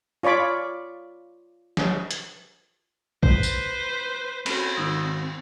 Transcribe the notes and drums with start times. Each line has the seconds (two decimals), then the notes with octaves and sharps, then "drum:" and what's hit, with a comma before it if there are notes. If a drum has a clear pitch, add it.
0.23 F4 C#5 D5 B5 D6
1.77 drum: snare
2.11 drum: hi-hat
3.23 B4 C5, drum: kick
3.43 drum: tambourine
4.46 C4 C#4 F#4 B5, drum: cymbal
4.77 G#1 D#3 D#6 E6